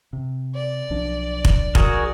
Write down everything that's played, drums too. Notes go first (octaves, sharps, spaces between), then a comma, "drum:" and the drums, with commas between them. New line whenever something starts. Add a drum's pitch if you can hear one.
C3
D5
B1 F3 D4
drum: kick F1
F#4 G#4 A#4, drum: kick F1